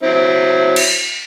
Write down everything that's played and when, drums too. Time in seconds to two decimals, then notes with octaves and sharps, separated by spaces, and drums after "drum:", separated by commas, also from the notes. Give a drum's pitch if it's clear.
0.03 F#3 C4 E4
0.76 drum: cymbal